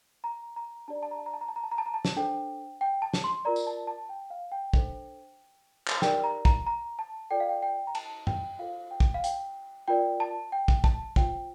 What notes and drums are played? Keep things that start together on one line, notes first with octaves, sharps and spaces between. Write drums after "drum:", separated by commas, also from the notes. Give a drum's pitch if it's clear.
A#5
A#5
D4 G4 D5 A5
A#5
A5
A#5
A5
A#5
A5
A#5
A5
A#5
A5
A#5
A5
A#5
A5
drum: snare
D4 A4 C5 G5
G5
A5
drum: snare
C6
F4 A#4 D5 A#5
drum: tambourine
A5
A5
G5
F5
G5
D4 A4 C5, drum: kick
drum: clap
D#4 G4 A#4 D5 G5, drum: snare
A#5
A#5, drum: kick
A#5
A5
F4 A4 D5 G5
F5
G5
G5
A#5
A5, drum: cymbal
G5, drum: tom G2
F4 A4 C5 F5
G5
drum: kick
F5
G5, drum: hi-hat
F4 A#4 D5 G5
A5
G5
drum: kick
A5, drum: kick
F4 C5 G5, drum: kick